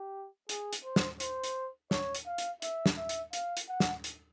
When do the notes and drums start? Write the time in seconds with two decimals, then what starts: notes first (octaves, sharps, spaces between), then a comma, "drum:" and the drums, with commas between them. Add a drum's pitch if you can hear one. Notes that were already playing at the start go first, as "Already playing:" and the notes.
Already playing: G4
0.49 G#4, drum: hi-hat
0.73 drum: hi-hat
0.84 C5
0.96 drum: snare
1.20 C5, drum: hi-hat
1.44 drum: hi-hat
1.91 C#5, drum: snare
2.15 drum: hi-hat
2.26 F5
2.38 drum: hi-hat
2.62 E5, drum: hi-hat
2.86 drum: snare
2.98 E5
3.09 drum: hi-hat
3.33 F5, drum: hi-hat
3.57 drum: hi-hat
3.69 F#5
3.80 drum: snare
4.04 drum: hi-hat